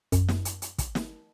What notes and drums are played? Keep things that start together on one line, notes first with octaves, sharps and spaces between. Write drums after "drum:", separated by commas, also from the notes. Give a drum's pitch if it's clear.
F#2, drum: kick, hi-hat
drum: snare
drum: hi-hat
drum: hi-hat
drum: kick, hi-hat
drum: snare